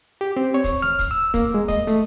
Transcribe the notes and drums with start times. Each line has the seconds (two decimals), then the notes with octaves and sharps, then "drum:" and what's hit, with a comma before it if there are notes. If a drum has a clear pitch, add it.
0.21 G4
0.37 C4
0.54 C#5
0.64 drum: kick, hi-hat
0.82 F6, drum: snare A3
0.99 drum: kick, hi-hat
1.11 E6
1.34 A#3, drum: kick, hi-hat
1.54 G#3
1.68 D#5, drum: kick, hi-hat
1.87 A3, drum: hi-hat